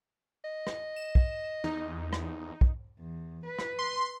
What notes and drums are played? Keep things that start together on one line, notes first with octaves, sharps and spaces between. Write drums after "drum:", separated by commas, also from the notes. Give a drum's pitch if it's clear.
D#5
drum: rim click
E7
drum: kick
E2 D#4
drum: rim click
drum: kick
E2
B4
drum: rim click
C6